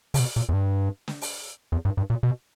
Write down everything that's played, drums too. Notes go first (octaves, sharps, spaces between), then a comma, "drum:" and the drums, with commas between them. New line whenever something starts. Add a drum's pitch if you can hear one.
C#3, drum: open hi-hat
B2
A#2
E2
G2
drum: snare
drum: open hi-hat
E2
G2
G2
A#2
B2